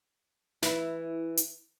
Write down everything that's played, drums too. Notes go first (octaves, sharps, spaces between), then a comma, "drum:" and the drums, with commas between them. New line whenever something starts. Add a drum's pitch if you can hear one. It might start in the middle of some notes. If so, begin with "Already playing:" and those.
E3 E4, drum: snare
drum: hi-hat